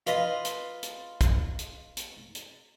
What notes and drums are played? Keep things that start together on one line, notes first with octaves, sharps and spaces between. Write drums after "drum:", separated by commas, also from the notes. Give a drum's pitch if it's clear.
F4 B4 D#5, drum: hi-hat
drum: hi-hat
drum: hi-hat
drum: kick, hi-hat
drum: hi-hat
drum: hi-hat
drum: hi-hat